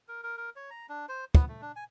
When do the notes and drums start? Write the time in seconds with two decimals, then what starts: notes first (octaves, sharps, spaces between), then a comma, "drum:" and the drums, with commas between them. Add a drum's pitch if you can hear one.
0.08 A#4
0.23 A#4
0.37 A#4
0.56 C#5
0.70 A#5
0.89 D4
1.09 C5
1.35 B3, drum: kick
1.49 A3
1.61 D4
1.76 G#5